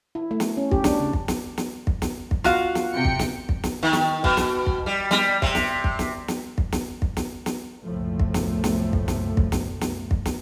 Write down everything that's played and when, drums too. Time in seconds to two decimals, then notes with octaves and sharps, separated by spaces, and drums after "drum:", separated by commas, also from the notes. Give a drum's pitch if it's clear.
0.15 E4
0.31 A3
0.40 drum: snare
0.57 C#4
0.71 G4, drum: kick
0.84 D4, drum: snare
0.99 C#3
1.13 drum: kick
1.28 drum: snare
1.58 drum: snare
1.87 drum: kick
2.02 drum: snare
2.31 drum: kick
2.44 F4 F#4 F5, drum: snare
2.75 drum: snare
2.93 C3 G5 C#7
3.05 drum: kick
3.19 drum: snare
3.49 drum: kick
3.63 drum: snare
3.83 D#3
3.93 drum: snare
4.24 B2, drum: kick
4.37 drum: snare
4.66 drum: kick
4.86 G3
5.11 G3, drum: snare
5.42 C3, drum: kick
5.55 drum: snare
5.84 drum: kick
5.99 drum: snare
6.28 drum: snare
6.58 drum: kick
6.72 drum: snare
7.02 drum: kick
7.17 drum: snare
7.46 drum: snare
7.83 F#1 C2 F#2 A2 F3 A3
8.20 drum: kick
8.34 drum: snare
8.64 drum: snare
8.93 drum: kick
9.08 drum: snare
9.37 drum: kick
9.52 drum: snare
9.81 drum: snare
10.11 drum: kick
10.25 drum: snare